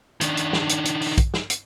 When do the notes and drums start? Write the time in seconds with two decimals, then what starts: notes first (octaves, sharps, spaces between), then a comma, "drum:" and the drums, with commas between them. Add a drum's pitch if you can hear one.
0.21 D#3 D4, drum: hi-hat
0.37 drum: hi-hat
0.53 drum: snare
0.69 drum: hi-hat
0.85 drum: hi-hat
1.01 drum: open hi-hat
1.18 drum: kick, hi-hat
1.34 drum: snare
1.50 drum: hi-hat